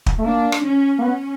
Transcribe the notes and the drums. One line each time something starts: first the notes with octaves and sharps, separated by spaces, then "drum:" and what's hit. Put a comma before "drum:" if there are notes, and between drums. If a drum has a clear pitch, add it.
drum: kick
A3
A#3 D4
drum: rim click
C#4
A#3
B3 C#4